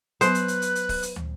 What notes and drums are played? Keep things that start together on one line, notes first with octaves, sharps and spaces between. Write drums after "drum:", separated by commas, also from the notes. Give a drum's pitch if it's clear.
F#3 B3 B4 C5 F#6, drum: hi-hat
drum: hi-hat
drum: hi-hat
drum: hi-hat
drum: hi-hat
drum: kick, open hi-hat
drum: hi-hat
drum: tom